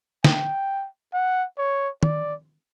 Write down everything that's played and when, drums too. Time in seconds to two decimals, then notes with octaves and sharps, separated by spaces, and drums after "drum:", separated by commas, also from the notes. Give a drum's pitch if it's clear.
0.24 G5, drum: snare
1.13 F#5
1.58 C#5
2.03 D5, drum: tom